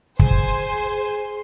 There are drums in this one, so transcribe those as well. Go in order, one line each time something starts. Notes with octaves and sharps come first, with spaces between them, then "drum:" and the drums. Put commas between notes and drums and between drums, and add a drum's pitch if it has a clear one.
G#4 C5 G#5 C6, drum: kick